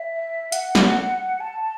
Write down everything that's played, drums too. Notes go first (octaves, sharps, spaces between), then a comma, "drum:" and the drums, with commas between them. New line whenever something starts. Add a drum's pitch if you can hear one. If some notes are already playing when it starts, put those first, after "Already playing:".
Already playing: E5
F#5, drum: hi-hat
drum: snare
A5